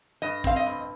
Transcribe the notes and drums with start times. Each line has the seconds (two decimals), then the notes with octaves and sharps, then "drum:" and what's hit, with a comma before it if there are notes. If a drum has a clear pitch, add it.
0.22 G2 D#5
0.44 C4 F5, drum: kick
0.56 D#5
0.66 G2